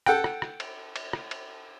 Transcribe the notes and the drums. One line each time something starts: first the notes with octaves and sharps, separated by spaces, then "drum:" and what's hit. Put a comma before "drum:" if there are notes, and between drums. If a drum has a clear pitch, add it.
A4 F#5 G5, drum: rim click
drum: rim click
drum: rim click
drum: cymbal
drum: cymbal
drum: rim click
drum: cymbal